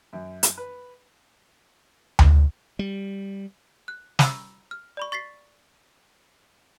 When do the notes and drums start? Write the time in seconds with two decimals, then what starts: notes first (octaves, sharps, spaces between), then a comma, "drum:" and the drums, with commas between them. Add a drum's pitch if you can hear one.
0.13 F#2
0.43 drum: hi-hat
0.57 B4
2.19 drum: tom D2
2.79 G3
3.88 F#6
4.19 A#5 B5 E6, drum: snare
4.71 F6
4.97 D5 B5 C#6
5.12 C#6 A6 B6 C7